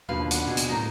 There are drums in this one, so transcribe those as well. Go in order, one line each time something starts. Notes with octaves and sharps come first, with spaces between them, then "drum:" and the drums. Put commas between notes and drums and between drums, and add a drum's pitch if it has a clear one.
D#2 B2 D3 F3 B4 F5
D4 F#5, drum: hi-hat
B2 G#4
drum: hi-hat
A2 A#3 D#4 A#5